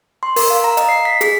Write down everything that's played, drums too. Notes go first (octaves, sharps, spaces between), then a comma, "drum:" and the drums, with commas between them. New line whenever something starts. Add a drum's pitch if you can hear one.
C6
A#4, drum: open hi-hat
F5
A#5
D#5, drum: hi-hat
C7
B6
G#4, drum: hi-hat